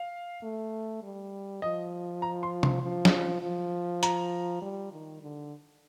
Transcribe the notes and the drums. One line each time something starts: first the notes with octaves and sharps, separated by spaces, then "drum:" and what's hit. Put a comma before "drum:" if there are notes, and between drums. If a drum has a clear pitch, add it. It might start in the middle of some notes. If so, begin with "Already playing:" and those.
Already playing: F5
A3
G3
F3 D#5
A#5
C6
C6, drum: tom C3
F3
drum: snare
F3
A#5, drum: hi-hat
G3
D#3
D3